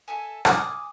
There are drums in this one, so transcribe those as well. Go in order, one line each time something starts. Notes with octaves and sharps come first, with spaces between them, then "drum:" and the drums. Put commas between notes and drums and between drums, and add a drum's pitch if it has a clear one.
A4 E5 G#5
G#5 D6 D#6 F6, drum: rim click